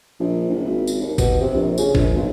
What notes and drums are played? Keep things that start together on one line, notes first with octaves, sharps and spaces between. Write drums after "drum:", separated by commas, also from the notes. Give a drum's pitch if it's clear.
A#1
F#1
G#1
drum: tambourine
D#2
B2, drum: kick G#1, tambourine
C3
A#1
C#3, drum: tambourine
A#1, drum: kick G#1
B1